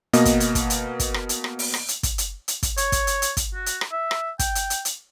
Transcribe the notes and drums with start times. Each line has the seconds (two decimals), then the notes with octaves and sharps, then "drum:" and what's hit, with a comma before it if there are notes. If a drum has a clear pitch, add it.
0.13 B2 A#3 B3 D#5, drum: hi-hat
0.25 drum: kick, hi-hat
0.40 drum: hi-hat
0.55 drum: kick, hi-hat
0.70 drum: hi-hat
0.99 drum: kick, hi-hat
1.14 drum: rim click
1.29 drum: hi-hat
1.44 drum: rim click
1.59 drum: open hi-hat
1.74 drum: rim click
1.88 drum: hi-hat
2.03 drum: kick, hi-hat
2.18 drum: hi-hat
2.48 drum: hi-hat
2.63 drum: kick, hi-hat
2.77 C#5, drum: hi-hat
2.92 drum: kick, hi-hat
3.07 drum: hi-hat
3.22 drum: hi-hat
3.37 drum: kick, hi-hat
3.55 F#4
3.66 drum: hi-hat
3.81 drum: rim click
3.92 E5
4.11 drum: rim click
4.39 G5, drum: kick, hi-hat
4.55 drum: hi-hat
4.70 drum: hi-hat
4.85 drum: hi-hat